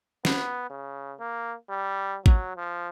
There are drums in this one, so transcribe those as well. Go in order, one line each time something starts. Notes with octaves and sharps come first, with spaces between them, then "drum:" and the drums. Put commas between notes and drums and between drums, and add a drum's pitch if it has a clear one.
B3, drum: snare
C#3
A#3
G3
F#3, drum: kick
F3